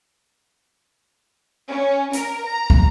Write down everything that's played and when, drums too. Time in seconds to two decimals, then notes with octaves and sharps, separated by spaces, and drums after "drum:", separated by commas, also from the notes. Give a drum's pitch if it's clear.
1.68 C#4
2.13 A#4, drum: hi-hat
2.44 A#5
2.70 drum: kick